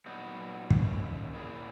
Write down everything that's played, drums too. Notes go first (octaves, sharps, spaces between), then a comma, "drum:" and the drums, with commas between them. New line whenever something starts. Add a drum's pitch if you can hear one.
A#2 F#3 B3 D#4 F#4
D#3 A#3 C#4, drum: kick
A#2 A#3 E4 G#4